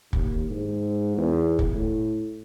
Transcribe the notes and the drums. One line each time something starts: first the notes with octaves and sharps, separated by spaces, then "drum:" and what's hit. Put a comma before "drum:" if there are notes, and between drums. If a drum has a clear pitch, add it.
D#2, drum: kick
G#2
E2
drum: kick
A2